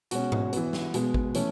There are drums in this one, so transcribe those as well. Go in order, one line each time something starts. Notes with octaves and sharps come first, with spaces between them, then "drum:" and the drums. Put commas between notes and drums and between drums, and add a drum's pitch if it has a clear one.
B2 G#3 C#4 F#4, drum: hi-hat
drum: tom G#2
E3 B3, drum: hi-hat
drum: snare
B2 G#3 B3, drum: hi-hat
drum: kick G#1
E3 A3 C#4, drum: hi-hat